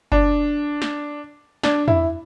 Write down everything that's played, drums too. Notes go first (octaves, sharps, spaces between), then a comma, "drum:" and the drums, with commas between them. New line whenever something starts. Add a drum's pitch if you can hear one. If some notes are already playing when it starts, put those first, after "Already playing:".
D4, drum: kick F#1
drum: snare
D4, drum: snare
E4, drum: tom